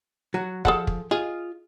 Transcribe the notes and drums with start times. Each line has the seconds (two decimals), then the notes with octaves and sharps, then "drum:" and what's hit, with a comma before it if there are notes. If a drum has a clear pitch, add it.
0.34 F#3 F#4
0.65 F3 G#4 A4 F#5, drum: kick
0.87 drum: kick
1.11 F4 G#4 D#5